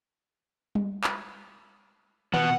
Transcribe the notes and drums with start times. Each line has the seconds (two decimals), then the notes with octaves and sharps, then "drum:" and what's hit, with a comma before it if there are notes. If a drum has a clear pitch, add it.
0.75 drum: tom G3
1.04 drum: clap
2.34 B2 B3 F#5, drum: tom D#3